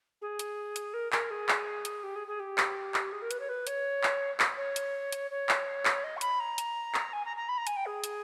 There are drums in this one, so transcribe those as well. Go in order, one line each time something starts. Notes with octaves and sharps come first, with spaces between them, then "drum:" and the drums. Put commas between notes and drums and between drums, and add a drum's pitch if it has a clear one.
G#4
drum: hi-hat
drum: hi-hat
A#4
A#4, drum: clap
G#4
drum: clap
drum: hi-hat
G4
G#4
G#4
G4
drum: clap
drum: clap
G#4
A#4
B4, drum: hi-hat
C#5
B4
C#5, drum: hi-hat
drum: clap
drum: clap
C#5
drum: hi-hat
drum: hi-hat
C#5
drum: clap
drum: clap
D#5
C#6
B5, drum: hi-hat
A#5
drum: hi-hat
drum: clap
G#5
A#5
A#5
B5
A#5
G#5, drum: hi-hat
G5
G#4
drum: hi-hat